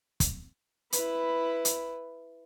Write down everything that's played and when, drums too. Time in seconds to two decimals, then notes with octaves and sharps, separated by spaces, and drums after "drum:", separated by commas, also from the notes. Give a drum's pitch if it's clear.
0.20 drum: kick, hi-hat
0.92 E4 B4, drum: hi-hat
1.65 drum: hi-hat